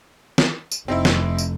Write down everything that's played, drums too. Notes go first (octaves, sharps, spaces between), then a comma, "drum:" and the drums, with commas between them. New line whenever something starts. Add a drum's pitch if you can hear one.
drum: snare
drum: tambourine
F1 C4 D#4 E4
drum: snare
drum: tambourine